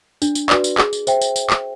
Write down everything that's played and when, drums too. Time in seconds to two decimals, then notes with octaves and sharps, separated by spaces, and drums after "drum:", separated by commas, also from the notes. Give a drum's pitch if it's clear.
0.22 D4, drum: tambourine
0.35 drum: tambourine
0.50 F#4 B4 D5, drum: clap
0.64 drum: tambourine
0.78 G#4, drum: clap
0.93 drum: tambourine
1.07 C5 E5 G5, drum: tambourine
1.21 drum: tambourine
1.36 drum: tambourine
1.50 drum: clap